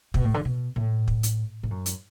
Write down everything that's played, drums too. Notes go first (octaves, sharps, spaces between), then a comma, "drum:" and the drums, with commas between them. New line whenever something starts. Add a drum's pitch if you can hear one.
B2, drum: kick
A2
D3
B2
A2
drum: kick
drum: hi-hat
A2
F#2
drum: hi-hat